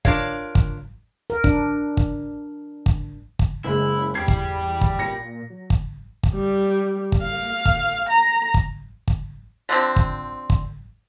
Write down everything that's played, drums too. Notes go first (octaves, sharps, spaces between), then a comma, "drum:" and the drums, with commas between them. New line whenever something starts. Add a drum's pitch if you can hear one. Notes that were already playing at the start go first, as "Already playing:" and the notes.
D4 F4 A#4 C#5 F5, drum: kick
drum: kick
A#4
D4, drum: kick
drum: kick
drum: kick
drum: kick
F#1 C#3 G#3 E4
E2 G3 G4 G#6 C7
drum: kick
drum: kick
A#2 A#6 C#7
F#3
drum: kick
drum: kick
G3
drum: kick
F5
drum: kick
A#5
drum: kick
drum: kick
D3 F3 C4
drum: kick
drum: kick